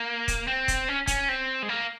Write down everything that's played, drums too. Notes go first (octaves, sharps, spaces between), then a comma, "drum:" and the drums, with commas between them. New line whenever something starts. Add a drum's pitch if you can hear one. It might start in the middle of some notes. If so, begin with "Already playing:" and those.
Already playing: A#3
drum: kick, hi-hat
C4
drum: kick, hi-hat
C#4
C#4, drum: kick, hi-hat
C4
G#3
A#3